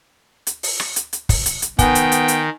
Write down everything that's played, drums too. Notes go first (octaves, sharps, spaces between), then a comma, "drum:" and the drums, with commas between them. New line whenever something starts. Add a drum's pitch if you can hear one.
drum: hi-hat
drum: open hi-hat
drum: rim click
drum: hi-hat
drum: hi-hat
drum: kick, open hi-hat
drum: hi-hat
drum: hi-hat
D#3 B3 G5 G#5, drum: kick, hi-hat
drum: hi-hat
drum: hi-hat
drum: hi-hat